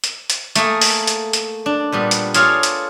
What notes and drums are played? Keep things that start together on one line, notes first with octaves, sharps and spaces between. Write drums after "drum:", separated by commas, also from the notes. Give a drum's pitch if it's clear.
drum: hi-hat
drum: hi-hat
A3 A#3 G#4, drum: hi-hat
drum: open hi-hat
drum: hi-hat
drum: hi-hat
D4
A#2 G3 B3
drum: hi-hat
F4 G#4 A4 C#5 D5 F5, drum: hi-hat
drum: hi-hat